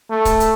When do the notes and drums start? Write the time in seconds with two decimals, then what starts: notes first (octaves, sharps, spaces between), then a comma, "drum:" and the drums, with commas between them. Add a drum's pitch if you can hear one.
0.11 A3
0.25 drum: kick C#1, hi-hat
0.40 drum: hi-hat